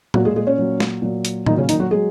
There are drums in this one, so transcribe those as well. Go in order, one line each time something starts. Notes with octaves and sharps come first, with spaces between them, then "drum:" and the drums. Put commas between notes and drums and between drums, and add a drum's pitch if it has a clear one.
A#2 F#3 F#4, drum: tom A2
G#3 G#4
G#3 G#4
C#4 C#5
A#2 F#3
drum: snare
A#2 F#3
drum: hi-hat
A#2 D#3 F#3 D#4, drum: tom A2
C#3 C#4
D#3 D#4, drum: hi-hat
F#3 F#4
F#3 G#3 G#4